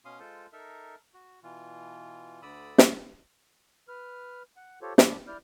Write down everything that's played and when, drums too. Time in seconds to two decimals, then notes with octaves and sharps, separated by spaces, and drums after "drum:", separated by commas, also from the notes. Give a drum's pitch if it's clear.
0.05 B2 C#4 F5 C6 D#6
0.20 G#3 F4 A4 C5
0.53 D#4 A4 A#4 E5
1.14 F#4
1.43 B2 E3 F4
2.42 D2 D3 D5 B5 D#6 E6
2.78 drum: snare
3.88 B4 F6
4.57 F#5
4.82 F4 G4 A4 C5 C#5
4.98 G2 A#2 F3 B5 D6, drum: snare
5.28 E4 D5 F6 G6